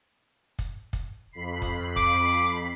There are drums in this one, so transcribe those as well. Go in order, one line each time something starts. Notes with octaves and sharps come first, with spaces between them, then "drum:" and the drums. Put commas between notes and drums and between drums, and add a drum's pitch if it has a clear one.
drum: kick, hi-hat
drum: kick, hi-hat
F2 B5 C7
drum: kick, hi-hat
D6, drum: kick, hi-hat
drum: hi-hat